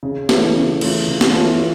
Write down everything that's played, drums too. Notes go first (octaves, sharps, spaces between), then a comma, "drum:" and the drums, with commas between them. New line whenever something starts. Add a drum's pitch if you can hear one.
C#3
E3 A3 C#4 F4, drum: snare
C#3
E3 A3 C#4 F4, drum: cymbal
C#3
drum: snare
E3 A3 C#4 F4